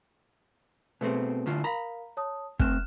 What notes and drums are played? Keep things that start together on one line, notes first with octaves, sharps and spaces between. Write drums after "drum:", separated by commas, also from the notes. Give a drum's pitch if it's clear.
B2 A3 C4 G#4 B4
A2 D3 F4
A#4 F5 A#5 B5
C#5 A5 D#6
A3 C4 F6 F#6 E7, drum: kick